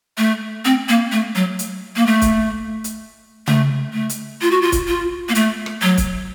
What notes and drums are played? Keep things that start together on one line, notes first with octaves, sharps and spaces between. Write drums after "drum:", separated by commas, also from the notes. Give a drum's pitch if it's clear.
A3
C4
A#3
A3
F#3
drum: hi-hat
A#3
A3
drum: kick, hi-hat
drum: hi-hat
A3, drum: tom C#3
A3
drum: hi-hat
F4
F#4
F4
drum: kick, hi-hat
F4
A#3
A3, drum: hi-hat
drum: rim click
F#3
drum: kick, hi-hat